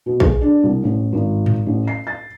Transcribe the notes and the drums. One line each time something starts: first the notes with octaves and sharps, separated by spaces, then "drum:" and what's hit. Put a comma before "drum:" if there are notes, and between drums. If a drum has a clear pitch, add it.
B2
G#4, drum: kick A#1
D4
C2
A1
G#1
drum: tom G#2
A1
C7
A6